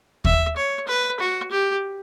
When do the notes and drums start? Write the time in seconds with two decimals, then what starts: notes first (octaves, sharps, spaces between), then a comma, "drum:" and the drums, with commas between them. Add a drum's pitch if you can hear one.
0.25 E5, drum: kick D#2
0.56 C#5
0.88 B4
1.19 F#4
1.51 G4